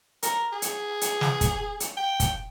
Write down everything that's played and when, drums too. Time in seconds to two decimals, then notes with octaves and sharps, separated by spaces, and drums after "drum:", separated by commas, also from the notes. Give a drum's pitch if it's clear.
0.23 A#4, drum: hi-hat
0.53 G#4
0.62 drum: hi-hat
1.01 drum: hi-hat
1.21 drum: snare
1.41 drum: kick, hi-hat
1.80 drum: hi-hat
1.97 G5
2.20 drum: kick, hi-hat